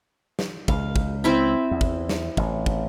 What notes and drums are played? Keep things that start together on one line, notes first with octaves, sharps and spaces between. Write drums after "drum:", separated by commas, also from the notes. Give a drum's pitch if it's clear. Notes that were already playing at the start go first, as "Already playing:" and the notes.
drum: snare
C#2 F5, drum: kick
drum: kick
C4 E4 B5
E2
drum: kick
drum: snare
A1, drum: kick
drum: kick